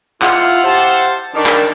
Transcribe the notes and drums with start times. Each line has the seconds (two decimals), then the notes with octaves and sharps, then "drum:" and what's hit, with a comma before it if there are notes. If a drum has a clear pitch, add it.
0.22 E4 F4 F5 F#5, drum: clap
0.64 G4 C5 A5
1.34 D#3 D4
1.46 drum: clap